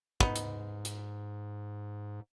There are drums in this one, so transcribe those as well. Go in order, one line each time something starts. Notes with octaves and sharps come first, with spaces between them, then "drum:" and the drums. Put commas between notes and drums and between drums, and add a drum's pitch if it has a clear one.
G#2 B3 D#4, drum: kick
drum: hi-hat
drum: hi-hat